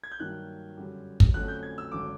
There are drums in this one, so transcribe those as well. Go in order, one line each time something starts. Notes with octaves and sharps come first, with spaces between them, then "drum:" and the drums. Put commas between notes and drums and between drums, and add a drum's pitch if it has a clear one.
G#6
G6
G2 D#3 F#3 A#3 F#6
F#2 D3 G3
drum: kick
F2 D3 F#3 A3 C#4 F#6
G6
G#6
E6
G#1 F#2 D3 D6